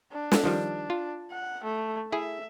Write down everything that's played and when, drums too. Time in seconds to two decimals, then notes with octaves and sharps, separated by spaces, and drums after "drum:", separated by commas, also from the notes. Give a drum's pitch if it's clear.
0.13 D4
0.32 drum: snare
0.44 D#3 F3 G3
0.90 F4
1.32 F#5
1.64 A3
2.12 E4 G#4 E5